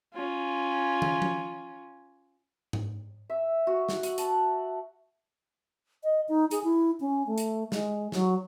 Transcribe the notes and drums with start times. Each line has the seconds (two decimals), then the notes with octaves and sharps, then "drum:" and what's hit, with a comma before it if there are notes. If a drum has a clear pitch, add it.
0.13 C#4 F4
1.02 drum: tom
1.22 drum: tom F3
2.73 drum: tom G#2
3.30 E5
3.67 F#4
3.89 drum: snare
4.03 F#5, drum: hi-hat
4.18 A5, drum: hi-hat
6.04 D#5
6.29 D#4
6.51 G#4, drum: hi-hat
6.64 E4
7.00 C#4
7.27 A3
7.38 drum: hi-hat
7.72 G#3, drum: snare
8.12 F#3, drum: snare